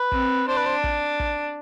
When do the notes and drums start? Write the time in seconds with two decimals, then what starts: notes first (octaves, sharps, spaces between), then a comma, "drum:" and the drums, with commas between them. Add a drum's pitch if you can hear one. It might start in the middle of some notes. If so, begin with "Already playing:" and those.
Already playing: B4
0.12 C4, drum: kick
0.47 D4 C5
0.57 B4
0.66 C5
0.84 drum: kick
1.20 drum: kick